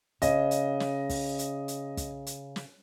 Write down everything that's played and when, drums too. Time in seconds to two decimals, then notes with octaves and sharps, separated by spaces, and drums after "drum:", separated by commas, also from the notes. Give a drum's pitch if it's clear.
0.22 C#3 D#5, drum: kick, hi-hat
0.51 drum: hi-hat
0.80 drum: snare
1.09 drum: kick, open hi-hat
1.39 drum: hi-hat
1.68 drum: hi-hat
1.97 drum: kick, hi-hat
2.27 drum: hi-hat
2.56 drum: snare